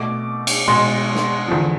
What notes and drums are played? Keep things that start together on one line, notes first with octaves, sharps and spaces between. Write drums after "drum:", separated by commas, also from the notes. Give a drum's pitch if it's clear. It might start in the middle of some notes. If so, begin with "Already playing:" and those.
Already playing: B2 A3 D6
drum: cymbal
B2 G#3 C6
drum: snare
E2 D3 F3